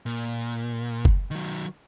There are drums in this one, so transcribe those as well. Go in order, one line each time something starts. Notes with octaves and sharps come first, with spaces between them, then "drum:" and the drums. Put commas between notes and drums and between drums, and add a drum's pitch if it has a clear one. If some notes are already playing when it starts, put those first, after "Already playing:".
A#2
drum: kick F#1
D#3 F#3